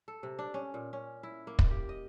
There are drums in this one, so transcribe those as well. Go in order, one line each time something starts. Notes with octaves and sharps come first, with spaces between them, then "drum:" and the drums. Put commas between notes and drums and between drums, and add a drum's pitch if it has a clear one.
A4
C3
D4
C#4
A#2
C#4
E4
A#3
drum: kick
G4
D#5